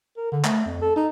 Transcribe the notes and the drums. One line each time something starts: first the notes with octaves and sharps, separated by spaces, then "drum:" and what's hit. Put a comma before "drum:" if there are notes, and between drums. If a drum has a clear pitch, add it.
A#4
D3
A3, drum: clap
F2
A4
D#4